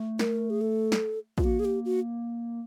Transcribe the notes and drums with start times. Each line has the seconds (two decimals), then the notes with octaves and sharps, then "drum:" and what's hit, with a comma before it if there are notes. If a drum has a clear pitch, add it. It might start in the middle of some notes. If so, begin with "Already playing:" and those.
Already playing: A3
0.19 A#4, drum: snare
0.50 G#4
0.61 A4
0.92 drum: snare
1.38 F4, drum: kick
1.44 A#3 F#4
1.60 G#4
1.65 G4
1.85 F#4